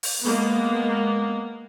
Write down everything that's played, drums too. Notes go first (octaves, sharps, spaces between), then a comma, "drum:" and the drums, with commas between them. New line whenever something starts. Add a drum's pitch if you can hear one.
drum: open hi-hat
G#3 A#3 B3